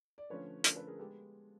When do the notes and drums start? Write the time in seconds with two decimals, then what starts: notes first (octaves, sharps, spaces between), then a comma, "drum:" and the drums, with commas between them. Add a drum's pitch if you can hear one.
0.18 D5
0.30 D3 F3 A3 C#4 B4 C#5
0.64 D3 F3 A3 C#4 A#4 C5, drum: hi-hat
0.75 A4 B4
0.87 G#4 A#4
0.98 G#3 B3 G4 A4